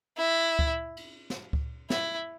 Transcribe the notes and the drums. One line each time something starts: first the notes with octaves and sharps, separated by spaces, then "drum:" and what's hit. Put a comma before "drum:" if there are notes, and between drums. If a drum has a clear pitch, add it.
E4
drum: kick C#2
drum: cymbal
drum: snare
drum: kick C#2
E4, drum: snare